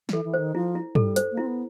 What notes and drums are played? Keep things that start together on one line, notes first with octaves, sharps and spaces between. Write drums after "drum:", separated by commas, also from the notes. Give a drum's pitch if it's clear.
E3 A4, drum: snare
E3
C5
D#3
F3 E4
E4
G3 A4, drum: tom
C5, drum: hi-hat
A#3
C4 E4
B3